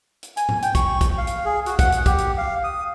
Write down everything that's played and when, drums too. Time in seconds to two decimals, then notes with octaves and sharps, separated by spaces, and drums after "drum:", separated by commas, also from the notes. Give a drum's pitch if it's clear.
0.23 drum: hi-hat
0.37 G#5, drum: hi-hat
0.49 drum: tom G#2
0.62 G5, drum: hi-hat
0.75 C#6, drum: kick, hi-hat
1.01 drum: kick, hi-hat
1.18 F5
1.27 drum: hi-hat
1.45 G#4
1.66 F#4, drum: hi-hat
1.79 F#5, drum: kick, hi-hat
1.92 drum: hi-hat
2.06 G4, drum: kick, hi-hat
2.18 drum: hi-hat
2.38 F5
2.64 D#6